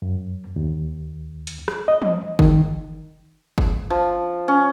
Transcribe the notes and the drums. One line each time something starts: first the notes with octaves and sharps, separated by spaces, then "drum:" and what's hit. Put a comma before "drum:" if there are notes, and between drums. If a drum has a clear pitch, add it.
F#2
D#2
drum: hi-hat
drum: rim click
D#5
drum: tom E3
D#3, drum: kick
drum: kick
F3
C#4